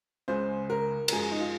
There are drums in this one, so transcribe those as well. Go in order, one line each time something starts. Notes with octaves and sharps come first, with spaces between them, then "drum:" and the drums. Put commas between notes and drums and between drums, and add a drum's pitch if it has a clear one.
C#2 C#3 G#3 C5
A#4
A#4, drum: cymbal
F#2 F3 G#3 G#4
D#4
F4